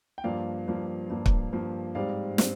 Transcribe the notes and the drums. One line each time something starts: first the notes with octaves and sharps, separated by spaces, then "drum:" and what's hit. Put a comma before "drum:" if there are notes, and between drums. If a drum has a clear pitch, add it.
G5
G2 F3 A#3 D5 F5
G2 F3 A#3
G2 F3 A#3
drum: kick
G2 F3 A#3
G#2 G3 C4 D5 F5
C4, drum: snare